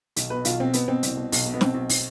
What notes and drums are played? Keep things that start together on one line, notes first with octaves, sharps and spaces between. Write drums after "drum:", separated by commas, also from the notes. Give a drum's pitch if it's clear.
B1, drum: hi-hat
B2 B4
B1 F4, drum: hi-hat
B2 C4
B2 B3, drum: hi-hat
B2 C4
C2, drum: hi-hat
B2
B1, drum: open hi-hat
B2
B3
B1 C4, drum: snare
B1
drum: open hi-hat